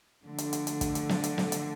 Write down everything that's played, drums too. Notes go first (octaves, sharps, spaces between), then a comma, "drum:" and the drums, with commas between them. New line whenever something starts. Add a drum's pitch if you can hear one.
D3 F3 A3
drum: hi-hat
drum: hi-hat
drum: hi-hat
drum: kick, hi-hat
drum: hi-hat
drum: snare
drum: hi-hat
drum: snare
drum: hi-hat